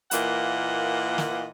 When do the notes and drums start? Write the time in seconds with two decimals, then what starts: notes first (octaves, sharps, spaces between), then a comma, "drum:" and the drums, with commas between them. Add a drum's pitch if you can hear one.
0.11 A#2 E3 A#3 D#5 F#5, drum: hi-hat
1.18 drum: snare